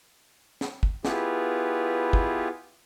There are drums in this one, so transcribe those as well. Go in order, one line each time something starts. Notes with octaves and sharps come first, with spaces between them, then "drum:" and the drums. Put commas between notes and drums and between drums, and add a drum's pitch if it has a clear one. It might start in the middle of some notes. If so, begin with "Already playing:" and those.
drum: snare
drum: kick
B3 E4 F4 G4 G#4 B4, drum: snare
drum: kick